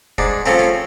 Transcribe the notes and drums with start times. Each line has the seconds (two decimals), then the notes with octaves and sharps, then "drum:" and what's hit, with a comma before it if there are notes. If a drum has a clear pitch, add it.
0.18 G#2 D4, drum: kick F1
0.46 F3 A3 C4 C#4
0.59 C#4